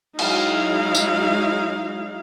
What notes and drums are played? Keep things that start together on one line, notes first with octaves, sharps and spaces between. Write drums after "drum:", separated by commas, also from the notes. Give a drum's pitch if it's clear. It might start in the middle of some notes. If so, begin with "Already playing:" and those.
F#3 G#3 D#4 E4 F5, drum: cymbal
drum: tambourine